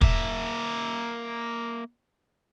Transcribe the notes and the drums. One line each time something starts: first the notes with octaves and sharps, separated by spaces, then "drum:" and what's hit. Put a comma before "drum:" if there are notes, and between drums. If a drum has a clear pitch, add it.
A#3 E5, drum: kick